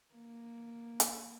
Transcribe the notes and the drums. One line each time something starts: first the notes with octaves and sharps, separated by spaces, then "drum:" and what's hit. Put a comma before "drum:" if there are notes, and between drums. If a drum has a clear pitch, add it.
A#3
drum: hi-hat